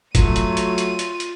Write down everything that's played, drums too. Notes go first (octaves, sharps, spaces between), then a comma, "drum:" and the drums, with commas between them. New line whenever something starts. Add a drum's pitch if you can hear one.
F#3 A3 F4 D#7, drum: kick, hi-hat
drum: hi-hat
drum: hi-hat
drum: hi-hat
drum: hi-hat
drum: hi-hat